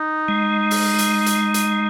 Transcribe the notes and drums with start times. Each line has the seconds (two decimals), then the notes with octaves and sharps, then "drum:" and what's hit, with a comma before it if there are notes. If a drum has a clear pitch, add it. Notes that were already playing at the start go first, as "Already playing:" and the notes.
Already playing: D#4
0.28 G#3
0.71 drum: open hi-hat
0.99 drum: hi-hat
1.26 drum: hi-hat
1.54 drum: hi-hat